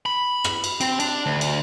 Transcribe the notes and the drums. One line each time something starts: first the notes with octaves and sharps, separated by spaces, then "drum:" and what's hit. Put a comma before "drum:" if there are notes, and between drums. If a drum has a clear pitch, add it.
B5
drum: rim click
drum: cymbal
C4, drum: cymbal
D4, drum: cymbal
D2
drum: cymbal